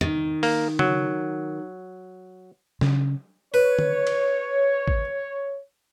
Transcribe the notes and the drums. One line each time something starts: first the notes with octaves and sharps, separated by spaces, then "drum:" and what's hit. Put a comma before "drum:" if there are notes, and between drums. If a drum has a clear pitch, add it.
D#3, drum: tom
A#3, drum: open hi-hat
F#3, drum: tom C#3
C#3, drum: snare
B4 C#5
drum: tom
drum: cymbal
drum: kick G#1